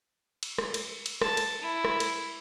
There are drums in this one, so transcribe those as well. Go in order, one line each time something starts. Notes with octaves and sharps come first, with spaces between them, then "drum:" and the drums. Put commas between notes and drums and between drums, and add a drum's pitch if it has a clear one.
drum: cymbal
drum: rim click
drum: cymbal
drum: cymbal
A5, drum: rim click
drum: cymbal
E4
drum: rim click
drum: cymbal